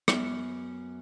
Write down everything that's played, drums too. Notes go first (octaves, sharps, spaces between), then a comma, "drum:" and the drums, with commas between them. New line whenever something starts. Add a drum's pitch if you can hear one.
F#2 B3, drum: rim click